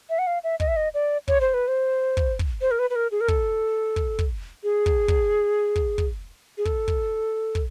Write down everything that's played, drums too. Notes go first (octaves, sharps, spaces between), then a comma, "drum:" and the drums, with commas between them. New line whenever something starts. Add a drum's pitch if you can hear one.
E5
F#5
F5
E5
D#5, drum: kick
E5
D#5
D5
C#5, drum: kick
C5
B4
C5
drum: kick
drum: kick
C5
A#4
B4
B4
A#4
G#4
A#4
A4, drum: kick
drum: kick
drum: kick
G#4
drum: kick
drum: kick
drum: kick
drum: kick
G#4
A4, drum: kick
drum: kick
drum: kick